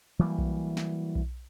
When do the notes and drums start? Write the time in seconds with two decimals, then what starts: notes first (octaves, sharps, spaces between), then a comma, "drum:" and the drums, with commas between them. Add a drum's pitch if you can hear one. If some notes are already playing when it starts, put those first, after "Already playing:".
0.19 E3 F#3 G3 A#3
0.38 drum: kick B1
0.77 drum: snare
1.15 drum: kick B1